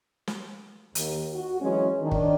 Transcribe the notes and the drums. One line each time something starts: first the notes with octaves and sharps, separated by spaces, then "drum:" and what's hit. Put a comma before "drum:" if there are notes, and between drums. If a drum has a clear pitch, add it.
drum: snare
D#2, drum: hi-hat
F#4
E3 F#3 G#3 C#4
D#3 D4
drum: kick